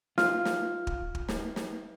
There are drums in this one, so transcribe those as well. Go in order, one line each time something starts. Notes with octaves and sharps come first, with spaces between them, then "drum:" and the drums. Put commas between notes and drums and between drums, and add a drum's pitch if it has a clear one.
F4 F6, drum: snare
drum: snare
drum: kick
drum: kick
drum: snare
drum: snare